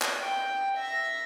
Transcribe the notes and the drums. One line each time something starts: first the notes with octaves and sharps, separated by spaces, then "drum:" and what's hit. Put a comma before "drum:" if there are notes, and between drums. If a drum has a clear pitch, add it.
drum: clap
G5
E5 A#6